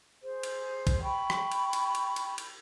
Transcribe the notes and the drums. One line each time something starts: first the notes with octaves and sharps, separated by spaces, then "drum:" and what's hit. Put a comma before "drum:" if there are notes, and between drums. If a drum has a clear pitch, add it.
G#4 C5
drum: cymbal
drum: kick, cymbal
G5 B5 C#6
drum: rim click
drum: cymbal
drum: cymbal
drum: cymbal
drum: cymbal
drum: cymbal